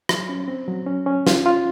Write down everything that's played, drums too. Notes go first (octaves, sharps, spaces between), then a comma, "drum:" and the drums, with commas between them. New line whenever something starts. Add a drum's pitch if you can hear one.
F#3, drum: rim click
C#4
C4
F#3
C#4
C#4
F4, drum: snare
F4